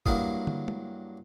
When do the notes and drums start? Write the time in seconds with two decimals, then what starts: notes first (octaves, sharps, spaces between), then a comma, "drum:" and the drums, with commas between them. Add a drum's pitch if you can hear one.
0.06 G2 F#3 A#3 E4 F5 D#6, drum: kick
0.47 drum: tom
0.68 drum: tom